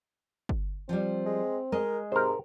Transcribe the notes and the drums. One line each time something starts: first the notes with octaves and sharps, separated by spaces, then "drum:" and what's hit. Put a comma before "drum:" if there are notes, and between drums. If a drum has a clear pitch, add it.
drum: kick G1
F3 G3 C4
G#3
G#3 A#4 D#5
G#2 C3 A#4 C5